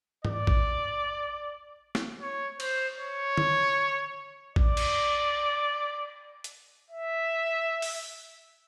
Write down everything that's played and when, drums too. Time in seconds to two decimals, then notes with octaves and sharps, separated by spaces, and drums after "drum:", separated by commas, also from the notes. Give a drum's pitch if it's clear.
0.25 D5, drum: tom G#2
0.47 drum: kick A1
1.95 drum: snare
2.21 C#5
2.60 C5, drum: cymbal
2.99 C#5
3.37 drum: tom D3
4.56 D5, drum: kick A1
4.77 drum: cymbal
6.44 drum: hi-hat
6.90 E5
7.82 drum: open hi-hat